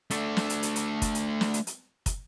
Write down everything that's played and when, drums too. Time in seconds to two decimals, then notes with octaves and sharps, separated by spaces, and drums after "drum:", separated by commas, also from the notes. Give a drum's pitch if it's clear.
0.11 A3 D4, drum: hi-hat
0.37 drum: snare
0.50 drum: hi-hat
0.63 drum: hi-hat
0.76 drum: hi-hat
1.02 drum: kick, hi-hat
1.15 drum: hi-hat
1.41 drum: snare
1.54 drum: hi-hat
1.67 drum: hi-hat
2.06 drum: kick, hi-hat